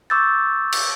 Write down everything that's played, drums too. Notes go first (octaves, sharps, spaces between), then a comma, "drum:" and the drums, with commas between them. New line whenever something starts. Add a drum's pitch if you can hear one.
C#6 D6 E6 G6 A6
drum: cymbal